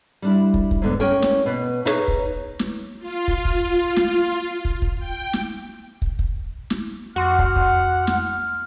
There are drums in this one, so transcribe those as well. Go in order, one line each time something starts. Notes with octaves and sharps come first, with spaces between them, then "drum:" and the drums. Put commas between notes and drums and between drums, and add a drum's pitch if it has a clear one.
G3 D4 E4
drum: kick
drum: kick
G#2 D3 B3
C#4 A#4 G5
drum: snare
B2 B4
D#4 E4 G#4 B4 C#5
drum: kick
drum: snare
F4
drum: kick
drum: kick
drum: snare
drum: kick
drum: kick
G5
drum: snare
drum: kick
drum: kick
drum: snare
F2 F#4 F#5 C6 D6 F6
drum: kick
drum: kick
drum: snare